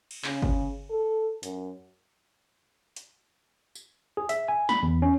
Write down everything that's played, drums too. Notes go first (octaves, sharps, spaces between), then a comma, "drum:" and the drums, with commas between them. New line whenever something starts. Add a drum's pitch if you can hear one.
drum: cymbal
C#3, drum: clap
drum: kick G1
A4
F#2, drum: hi-hat
drum: hi-hat
drum: tambourine
G#4
E5, drum: hi-hat
G#5
B5, drum: snare
E2
C#4